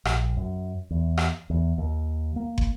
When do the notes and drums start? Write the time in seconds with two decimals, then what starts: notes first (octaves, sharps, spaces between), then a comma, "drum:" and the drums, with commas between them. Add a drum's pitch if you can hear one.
0.05 A#1, drum: rim click
0.37 F#2
0.91 E2
1.17 drum: rim click
1.50 E2
1.78 D#2
2.36 A#3
2.58 drum: kick